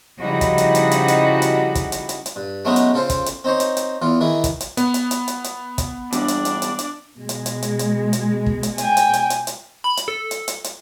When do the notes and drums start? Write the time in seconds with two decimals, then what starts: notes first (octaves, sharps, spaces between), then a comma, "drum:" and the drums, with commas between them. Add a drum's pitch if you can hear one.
0.21 C#3 F3 G3 D#4 E4 F#4
0.41 drum: kick, hi-hat
0.58 drum: hi-hat
0.75 drum: hi-hat
0.91 drum: hi-hat
1.08 drum: hi-hat
1.42 drum: hi-hat
1.75 drum: kick, hi-hat
1.92 drum: hi-hat
2.09 drum: hi-hat
2.26 drum: hi-hat
2.36 G2
2.65 F#3 G#3 A3 B3 C#4 D#4
2.76 drum: hi-hat
2.94 C#3 F4 A4 C5
3.10 drum: kick, hi-hat
3.26 drum: hi-hat
3.44 C4 D#4 C5 C#5
3.60 drum: hi-hat
3.77 drum: hi-hat
4.02 E2 E3 F4
4.21 D#3 E3 E4 G#4
4.44 drum: kick, hi-hat
4.60 drum: hi-hat
4.77 B3, drum: hi-hat
4.94 drum: hi-hat
5.11 drum: hi-hat
5.28 drum: hi-hat
5.44 drum: hi-hat
5.78 drum: kick, hi-hat
6.12 E2 G2 D4 D5, drum: hi-hat
6.28 drum: hi-hat
6.45 drum: hi-hat
6.62 drum: hi-hat
6.79 drum: hi-hat
7.17 B2 G#3
7.29 drum: hi-hat
7.46 drum: hi-hat
7.62 drum: hi-hat
7.79 drum: hi-hat
8.13 drum: hi-hat
8.46 drum: kick
8.63 drum: hi-hat
8.78 G5 G#5, drum: hi-hat
8.97 drum: hi-hat
9.13 drum: hi-hat
9.30 drum: hi-hat
9.47 drum: hi-hat
9.84 B5
9.97 drum: hi-hat
10.08 A4
10.31 drum: hi-hat
10.48 drum: hi-hat
10.64 drum: hi-hat